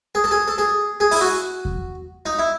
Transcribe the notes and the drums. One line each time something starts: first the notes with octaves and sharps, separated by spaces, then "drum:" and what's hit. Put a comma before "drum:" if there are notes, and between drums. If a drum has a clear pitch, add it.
G#4
A4
G#4
A4
G#4
G#4
E4, drum: open hi-hat
F#4
drum: kick E2
D#4
E4